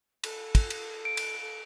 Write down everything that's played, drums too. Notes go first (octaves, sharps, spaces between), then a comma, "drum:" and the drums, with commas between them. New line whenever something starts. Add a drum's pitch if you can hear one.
A4, drum: cymbal
drum: kick, cymbal
drum: cymbal
D7
drum: cymbal
A4